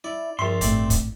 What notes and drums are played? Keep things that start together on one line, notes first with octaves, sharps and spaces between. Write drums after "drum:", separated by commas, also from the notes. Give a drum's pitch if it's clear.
E4 D5
A#1 G2 E5 A5 C6
G#1 A2 A3 C4 D5, drum: hi-hat
drum: kick, hi-hat